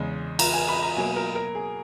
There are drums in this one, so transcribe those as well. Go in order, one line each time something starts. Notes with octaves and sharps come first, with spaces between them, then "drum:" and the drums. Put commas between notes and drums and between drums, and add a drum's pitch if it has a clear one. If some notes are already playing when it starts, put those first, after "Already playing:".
Already playing: E2 C#3 G#3
A#5, drum: cymbal
G#5
B5
A#5
B2 F#3 A#3 G#5
A#4
A#4
G#4